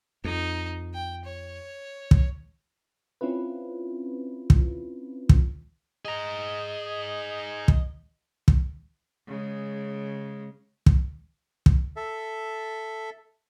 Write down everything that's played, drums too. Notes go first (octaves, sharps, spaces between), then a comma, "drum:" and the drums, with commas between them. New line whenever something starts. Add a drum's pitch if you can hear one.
F2 D#4
G5
C#5
drum: kick
C4 C#4 E4 F4 B4
drum: kick
drum: kick
G#4 D#5 A#5
drum: kick
drum: kick
C#3 G#3
drum: kick
drum: kick
A4 E5